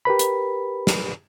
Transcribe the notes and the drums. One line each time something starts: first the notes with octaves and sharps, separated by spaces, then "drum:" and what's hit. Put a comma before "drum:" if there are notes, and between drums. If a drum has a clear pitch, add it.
G4 A#4 B4 B5
drum: hi-hat
drum: snare